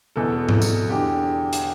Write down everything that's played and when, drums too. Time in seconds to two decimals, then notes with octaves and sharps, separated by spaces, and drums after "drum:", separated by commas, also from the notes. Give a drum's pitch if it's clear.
0.16 E2 B2 A4
0.49 drum: tom G#2
0.62 drum: tambourine
0.90 E2 D3 G4
1.53 drum: hi-hat